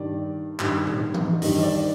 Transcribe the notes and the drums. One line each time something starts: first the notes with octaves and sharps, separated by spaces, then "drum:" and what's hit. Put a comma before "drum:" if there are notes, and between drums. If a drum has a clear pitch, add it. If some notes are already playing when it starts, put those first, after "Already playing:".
Already playing: G2 D#3 G3 D5
G2 D#3 G3, drum: clap
drum: tom A2
drum: tom E3
G2 D#3 G3 D#5, drum: open hi-hat
D5